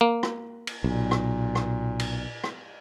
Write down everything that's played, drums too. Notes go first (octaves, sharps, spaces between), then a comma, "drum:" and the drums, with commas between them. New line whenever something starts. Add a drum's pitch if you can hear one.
A#3
drum: rim click
drum: cymbal
B1 A#2
drum: rim click
drum: rim click
drum: cymbal
drum: rim click